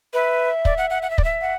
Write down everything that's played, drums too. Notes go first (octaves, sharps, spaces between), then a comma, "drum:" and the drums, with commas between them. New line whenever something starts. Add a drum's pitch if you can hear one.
B4 E5
D5, drum: kick
F#5
F#5
F#5
E5
D5, drum: kick
E5
F#5